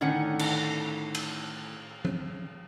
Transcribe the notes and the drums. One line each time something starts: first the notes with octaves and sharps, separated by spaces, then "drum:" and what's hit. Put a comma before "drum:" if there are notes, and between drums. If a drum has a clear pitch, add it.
A2 D3 D#3 C#4 F#5
drum: cymbal
drum: cymbal
drum: tom F3